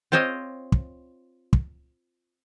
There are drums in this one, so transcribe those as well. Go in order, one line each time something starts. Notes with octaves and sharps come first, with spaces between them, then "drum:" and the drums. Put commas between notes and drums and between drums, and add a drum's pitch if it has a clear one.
C4 F4 C5 C#5 D#5
drum: kick
drum: kick